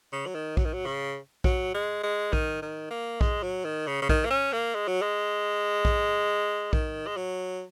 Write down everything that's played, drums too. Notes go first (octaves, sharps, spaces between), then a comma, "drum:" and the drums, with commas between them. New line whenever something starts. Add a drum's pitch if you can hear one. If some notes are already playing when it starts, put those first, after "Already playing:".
C#3
F#3
D#3
F#3, drum: kick A#1
D#3
F#3
C#3
F#3, drum: kick A#1
G#3
G#3
D#3, drum: kick A#1
D#3
A#3
G#3, drum: kick A#1
F#3
D#3
C#3
C#3
D#3, drum: kick A#1
A#3
C#4
A#3
G#3
F#3
G#3
drum: kick A#1
D#3, drum: kick A#1
G#3
F#3